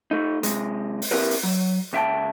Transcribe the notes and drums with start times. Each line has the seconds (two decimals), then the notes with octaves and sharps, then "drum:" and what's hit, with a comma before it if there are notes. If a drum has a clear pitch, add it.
0.11 A3 D#4
0.43 C3 G#3, drum: hi-hat
1.02 drum: open hi-hat
1.11 C4 E4 G4 A#4 B4
1.31 drum: open hi-hat
1.43 F#3
1.93 C#2 E5 G5 A5